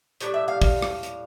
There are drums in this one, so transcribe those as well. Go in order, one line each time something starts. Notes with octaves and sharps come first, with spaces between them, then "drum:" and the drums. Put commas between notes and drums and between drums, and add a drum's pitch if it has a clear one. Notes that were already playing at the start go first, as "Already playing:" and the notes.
A2 G3 D4 C#5, drum: hi-hat
E5
F5
F5, drum: kick, open hi-hat
drum: rim click
drum: hi-hat